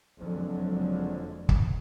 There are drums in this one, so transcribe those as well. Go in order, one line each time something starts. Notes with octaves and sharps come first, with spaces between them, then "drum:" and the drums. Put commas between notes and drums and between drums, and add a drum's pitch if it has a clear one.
F#1 F2 D3 F3 F#3 G#3
drum: kick